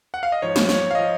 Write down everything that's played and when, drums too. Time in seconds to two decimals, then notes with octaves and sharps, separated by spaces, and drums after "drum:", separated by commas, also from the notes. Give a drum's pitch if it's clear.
0.14 F#5
0.23 F5
0.32 D#5
0.42 G#2 F3 C#5
0.56 drum: snare
0.69 C#5, drum: snare
0.91 F5
0.95 F3 D#5